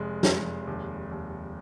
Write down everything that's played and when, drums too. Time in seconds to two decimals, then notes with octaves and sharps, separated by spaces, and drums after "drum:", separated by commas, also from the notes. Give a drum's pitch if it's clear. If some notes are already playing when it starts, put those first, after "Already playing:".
Already playing: F1 G#3
0.23 F1, drum: snare
0.67 D#2
1.11 D#2